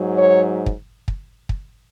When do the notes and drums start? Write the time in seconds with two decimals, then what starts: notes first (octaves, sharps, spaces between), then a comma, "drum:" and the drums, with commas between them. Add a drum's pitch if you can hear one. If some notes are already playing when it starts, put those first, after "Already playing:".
Already playing: G#2 F#3
0.14 C#5
0.66 drum: kick
1.08 drum: kick
1.49 drum: kick